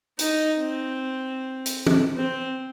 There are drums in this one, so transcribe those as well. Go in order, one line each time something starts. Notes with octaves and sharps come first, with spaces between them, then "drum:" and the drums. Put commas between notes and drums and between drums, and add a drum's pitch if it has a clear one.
D#4, drum: hi-hat
C4
drum: hi-hat
drum: tom
C4